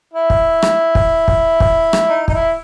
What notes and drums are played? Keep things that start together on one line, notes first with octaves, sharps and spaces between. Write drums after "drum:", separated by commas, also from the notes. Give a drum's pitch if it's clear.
E4
drum: kick
drum: rim click
drum: kick
drum: kick
drum: kick
drum: rim click
D#4
D#4, drum: kick
E4